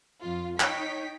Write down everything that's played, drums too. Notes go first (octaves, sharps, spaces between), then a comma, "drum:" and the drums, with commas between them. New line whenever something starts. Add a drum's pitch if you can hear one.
F2 F4
D#4 C#5 G5 B6, drum: clap